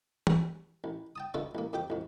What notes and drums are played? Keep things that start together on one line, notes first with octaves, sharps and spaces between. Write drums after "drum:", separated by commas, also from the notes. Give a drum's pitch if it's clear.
drum: tom
A1
G5 A5 D#6
D2 B2 A3 F4 A4 D5
A1 A#3
F2 G4 G5 D6
A1 F2